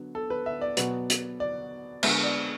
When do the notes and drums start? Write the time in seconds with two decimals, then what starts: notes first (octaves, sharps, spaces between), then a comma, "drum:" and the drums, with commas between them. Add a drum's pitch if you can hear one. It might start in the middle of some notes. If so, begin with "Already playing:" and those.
Already playing: D3 F#3 B3
0.15 A4
0.30 B4
0.46 E5
0.61 D5
0.77 B2 F#3 B3, drum: hi-hat
1.10 drum: hi-hat
1.40 D5
2.03 D3 G#3 B3 E5, drum: cymbal
2.23 D5